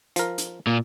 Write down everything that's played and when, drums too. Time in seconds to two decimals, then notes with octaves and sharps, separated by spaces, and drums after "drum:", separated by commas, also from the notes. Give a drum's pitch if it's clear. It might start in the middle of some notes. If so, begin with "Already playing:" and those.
0.16 F3 A#4, drum: hi-hat
0.38 drum: hi-hat
0.67 A#2